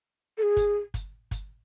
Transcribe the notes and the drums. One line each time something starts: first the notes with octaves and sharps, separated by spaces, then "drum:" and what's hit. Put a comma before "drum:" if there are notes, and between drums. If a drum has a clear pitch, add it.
A4
G#4
drum: kick G1, hi-hat
drum: kick G1, hi-hat
drum: kick G1, hi-hat